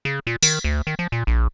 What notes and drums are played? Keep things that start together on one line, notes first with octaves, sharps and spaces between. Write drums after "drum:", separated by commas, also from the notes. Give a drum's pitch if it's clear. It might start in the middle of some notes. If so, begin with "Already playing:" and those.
C#3
A#2
D#3, drum: tambourine
D2
D#3
F3
A#2
A#1